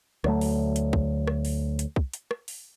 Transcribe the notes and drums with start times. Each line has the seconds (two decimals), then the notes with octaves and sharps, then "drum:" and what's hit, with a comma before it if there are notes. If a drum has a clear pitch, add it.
0.24 D2 F#3 A3, drum: rim click
0.41 drum: open hi-hat
0.76 drum: hi-hat
0.93 drum: kick
1.27 drum: rim click
1.45 drum: open hi-hat
1.79 drum: hi-hat
1.96 drum: kick
2.14 drum: hi-hat
2.31 drum: rim click
2.48 drum: open hi-hat